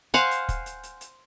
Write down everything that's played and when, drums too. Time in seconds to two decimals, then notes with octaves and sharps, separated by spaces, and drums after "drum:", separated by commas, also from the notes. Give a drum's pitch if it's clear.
0.14 C5 F5 F#5 G#5, drum: hi-hat
0.31 drum: hi-hat
0.49 drum: kick, hi-hat
0.66 drum: hi-hat
0.83 drum: hi-hat
1.01 drum: hi-hat